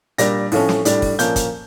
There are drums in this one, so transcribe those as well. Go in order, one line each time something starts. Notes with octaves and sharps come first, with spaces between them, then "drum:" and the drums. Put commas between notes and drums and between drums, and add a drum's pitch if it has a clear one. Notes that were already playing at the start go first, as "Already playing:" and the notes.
A#2 G3 D4 A#6, drum: hi-hat
A2 F3 A3 C#4, drum: open hi-hat
drum: snare
A2 G3 D4, drum: hi-hat
drum: kick, open hi-hat
A#2 F3 A#3 C#4 G6, drum: hi-hat
drum: kick, hi-hat